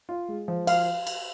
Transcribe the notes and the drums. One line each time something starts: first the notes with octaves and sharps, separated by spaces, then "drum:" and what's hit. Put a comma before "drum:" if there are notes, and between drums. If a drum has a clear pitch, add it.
F4
G#3
F3
F5, drum: cymbal
drum: cymbal